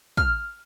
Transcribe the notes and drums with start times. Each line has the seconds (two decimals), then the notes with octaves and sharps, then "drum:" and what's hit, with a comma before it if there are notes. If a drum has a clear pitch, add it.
0.17 F6, drum: kick